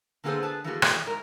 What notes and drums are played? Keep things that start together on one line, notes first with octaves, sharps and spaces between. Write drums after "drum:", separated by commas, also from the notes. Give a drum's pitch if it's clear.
D3 A#3 B3 G#4 A4 C5
G#4 B4 A5
E3 G3 A3 A#3 F#4 G#4
drum: rim click
G#2 A#4